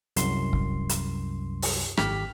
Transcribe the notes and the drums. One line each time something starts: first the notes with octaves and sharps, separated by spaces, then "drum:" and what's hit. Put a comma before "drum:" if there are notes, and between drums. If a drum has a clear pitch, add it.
C2 F#2 C6, drum: hi-hat
drum: kick
drum: hi-hat
drum: open hi-hat
G#1 G4 F6 B6, drum: rim click